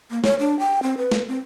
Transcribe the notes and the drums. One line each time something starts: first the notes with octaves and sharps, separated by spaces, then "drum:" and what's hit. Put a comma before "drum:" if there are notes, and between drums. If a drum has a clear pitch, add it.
A#3
C#5, drum: snare
D4
G5
C4
B4
drum: snare
C4